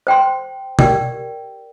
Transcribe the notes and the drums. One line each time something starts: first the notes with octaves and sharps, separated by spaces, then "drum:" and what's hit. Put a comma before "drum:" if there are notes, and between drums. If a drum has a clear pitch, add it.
C5 G5 C6
G4 A#4 D5 G5, drum: tom B2